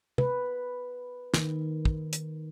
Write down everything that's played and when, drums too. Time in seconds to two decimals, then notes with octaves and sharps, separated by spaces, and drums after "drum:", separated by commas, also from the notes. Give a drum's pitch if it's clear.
0.18 B4, drum: tom
1.34 D#3, drum: snare
1.85 drum: kick
2.13 drum: hi-hat